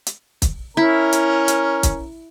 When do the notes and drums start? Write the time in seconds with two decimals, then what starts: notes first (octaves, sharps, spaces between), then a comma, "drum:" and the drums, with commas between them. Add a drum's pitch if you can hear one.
0.07 drum: hi-hat
0.42 drum: kick, hi-hat
0.77 C#4 E4 A#4 A#5
1.13 drum: hi-hat
1.48 drum: hi-hat
1.83 drum: kick, hi-hat